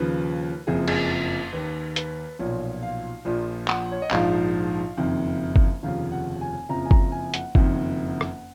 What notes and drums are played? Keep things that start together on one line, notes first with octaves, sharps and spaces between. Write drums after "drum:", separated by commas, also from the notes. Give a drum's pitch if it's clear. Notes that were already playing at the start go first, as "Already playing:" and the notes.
Already playing: D#2 C#3 F3 B4
F#1 F2 F3 G#4
G#4, drum: cymbal
D#2 D#3 B4
B4, drum: hi-hat
B1 A#2 F3 C#5
F5
A#1 A#2 F3
F#5, drum: clap
C#5
D#5
A#1 G#2 F3 F5, drum: clap
F#1 F2 D#3
drum: kick G1
F1 D#2 C#3 F3 F5
F#5
G#5
F#1 F2 C#3 F3 A#5
G#5
A#5, drum: kick G1
G#5
F#5, drum: hi-hat
F#1 F2 D#3, drum: kick G1
drum: rim click